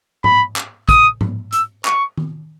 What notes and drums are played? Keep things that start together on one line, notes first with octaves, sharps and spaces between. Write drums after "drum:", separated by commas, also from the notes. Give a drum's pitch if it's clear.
B5, drum: tom G#2
drum: clap
D#6, drum: kick, hi-hat
drum: tom G#2
E6, drum: hi-hat
C#6, drum: clap
drum: tom D#3